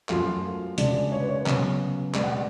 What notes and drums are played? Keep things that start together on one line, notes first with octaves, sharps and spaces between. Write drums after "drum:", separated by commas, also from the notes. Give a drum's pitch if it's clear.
F#2 F3 A3 F4 F5, drum: clap
C#3 G#3 D4 D5, drum: hi-hat
C#5
B4
C#5
C#3 F#3 B3, drum: clap
B2 G#3 B3 D5, drum: clap
F#5
D5